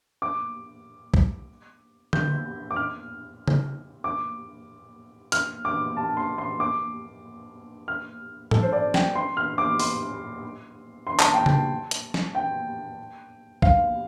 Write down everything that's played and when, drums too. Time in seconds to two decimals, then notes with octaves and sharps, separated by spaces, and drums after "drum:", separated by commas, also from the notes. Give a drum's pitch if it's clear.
0.22 D6
1.14 drum: kick
2.13 G6, drum: tom D3
2.71 D6
2.76 F6
3.48 drum: tom C#3
4.04 D6
5.32 F6, drum: hi-hat
5.65 D6
5.96 A5
6.17 C6
6.38 C6
6.60 D6
7.88 F6
8.51 A4, drum: tom G#2
8.63 C5
8.73 D5
8.94 G5, drum: snare
9.15 C6
9.37 F6
9.58 D6
9.80 C6, drum: open hi-hat
11.07 C6
11.20 A5, drum: clap
11.34 G5
11.46 A5, drum: tom C#3
11.91 drum: hi-hat
12.14 drum: snare
12.35 G5
13.62 F5, drum: kick